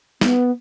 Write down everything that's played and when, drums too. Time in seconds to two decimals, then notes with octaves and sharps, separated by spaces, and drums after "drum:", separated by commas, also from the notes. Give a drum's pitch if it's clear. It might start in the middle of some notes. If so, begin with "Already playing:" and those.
0.21 B3, drum: snare